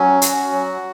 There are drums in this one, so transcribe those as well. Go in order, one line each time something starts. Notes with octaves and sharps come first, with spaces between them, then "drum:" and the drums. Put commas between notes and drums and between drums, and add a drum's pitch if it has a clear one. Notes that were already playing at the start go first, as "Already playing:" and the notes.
Already playing: F#3 C#4
F#4, drum: hi-hat
F#3